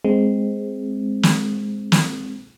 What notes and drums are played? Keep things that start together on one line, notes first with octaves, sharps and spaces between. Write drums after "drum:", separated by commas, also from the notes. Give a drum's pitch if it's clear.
G#3 C4
drum: snare
drum: snare